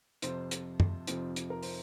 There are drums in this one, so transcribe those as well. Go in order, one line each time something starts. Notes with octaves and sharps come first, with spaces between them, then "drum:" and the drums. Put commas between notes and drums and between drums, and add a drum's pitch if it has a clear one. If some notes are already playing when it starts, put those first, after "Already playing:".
F2 C3 F3 C5, drum: hi-hat
drum: hi-hat
drum: tom F#2
F2 C3 F3 C5, drum: hi-hat
drum: hi-hat
A#4
C5, drum: open hi-hat